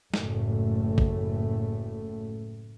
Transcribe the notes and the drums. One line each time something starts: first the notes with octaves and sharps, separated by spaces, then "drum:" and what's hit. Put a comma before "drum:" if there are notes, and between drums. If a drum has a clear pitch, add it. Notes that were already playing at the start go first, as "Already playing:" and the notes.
F#1 A2 A3, drum: snare
drum: kick